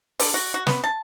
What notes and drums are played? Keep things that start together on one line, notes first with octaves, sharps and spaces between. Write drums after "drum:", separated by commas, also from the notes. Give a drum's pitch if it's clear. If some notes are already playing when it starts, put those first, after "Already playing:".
D3, drum: open hi-hat
F#4
F#4
B3, drum: snare
A5